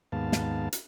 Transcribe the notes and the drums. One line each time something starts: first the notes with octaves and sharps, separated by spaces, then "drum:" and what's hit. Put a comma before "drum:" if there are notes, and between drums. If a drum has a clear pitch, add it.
D#2 G#2 B3 F5 A5
drum: snare
drum: hi-hat